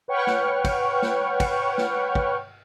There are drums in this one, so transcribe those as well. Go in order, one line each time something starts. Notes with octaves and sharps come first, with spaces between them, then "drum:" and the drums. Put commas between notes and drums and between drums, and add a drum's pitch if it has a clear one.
B4 C#5 F#5 G5 C#6 F6
drum: snare
drum: kick, cymbal
drum: snare
drum: kick, cymbal
drum: snare
drum: kick